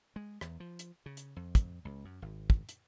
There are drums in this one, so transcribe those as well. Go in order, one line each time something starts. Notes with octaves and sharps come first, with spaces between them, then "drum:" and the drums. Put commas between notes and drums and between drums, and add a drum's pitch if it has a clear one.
G#3
E2, drum: rim click
F3
drum: hi-hat
C#3
drum: hi-hat
F2
drum: kick, hi-hat
C#2
F#2
G#1
drum: kick
drum: hi-hat